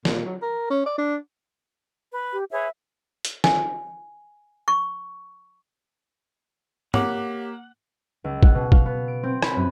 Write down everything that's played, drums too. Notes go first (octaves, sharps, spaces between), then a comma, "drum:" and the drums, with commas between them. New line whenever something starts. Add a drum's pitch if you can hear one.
A#2, drum: snare
F#3
A#4
C#4
D5
D4
B4
G4
G#4 B4 C#5 E5
drum: hi-hat
G#5, drum: snare
C#6
A#3 G4 C#5 F#5 D6, drum: tom
C#2
F#5, drum: kick
B2
F5, drum: kick
B3
D7
C4
B5, drum: rim click
F#2